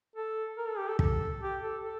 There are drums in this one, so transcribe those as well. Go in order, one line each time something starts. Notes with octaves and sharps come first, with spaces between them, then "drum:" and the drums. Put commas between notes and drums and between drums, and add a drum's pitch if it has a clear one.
A4
A#4
A4
G4
A4
A4, drum: kick
G4
A4
A4